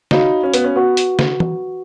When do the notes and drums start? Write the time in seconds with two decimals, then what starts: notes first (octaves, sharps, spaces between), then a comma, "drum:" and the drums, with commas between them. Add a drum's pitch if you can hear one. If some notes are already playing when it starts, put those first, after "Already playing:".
0.11 D#4 F#4 C#5 F5 B5, drum: snare
0.43 C#4
0.54 B3, drum: hi-hat
0.64 C#4
0.76 B3 F#4 B4 F#5 C#6
0.97 drum: hi-hat
1.19 drum: snare
1.40 drum: tom